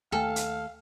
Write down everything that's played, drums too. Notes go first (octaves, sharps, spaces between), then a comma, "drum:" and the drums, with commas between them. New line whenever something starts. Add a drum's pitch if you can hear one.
D#2 A3 A4 F5 G5 G#5 F6
drum: hi-hat